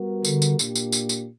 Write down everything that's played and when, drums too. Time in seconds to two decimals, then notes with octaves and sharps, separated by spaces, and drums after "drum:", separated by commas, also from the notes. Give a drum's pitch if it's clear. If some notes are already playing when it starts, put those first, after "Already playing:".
Already playing: G3 B3 F#4 A#4
0.25 D3, drum: tambourine
0.42 drum: tambourine
0.59 A#2 A#3 D4 G4, drum: tambourine
0.76 drum: tambourine
0.92 drum: tambourine
1.09 drum: tambourine